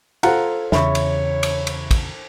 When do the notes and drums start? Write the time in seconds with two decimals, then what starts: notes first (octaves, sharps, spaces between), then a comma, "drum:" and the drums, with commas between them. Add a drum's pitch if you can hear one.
0.23 F4 A4 C5 F#5 A#5, drum: cymbal
0.72 E2 C#3 C#5 E5 B5 C#6, drum: snare
0.95 drum: cymbal
1.43 drum: cymbal
1.67 drum: cymbal
1.91 drum: kick, cymbal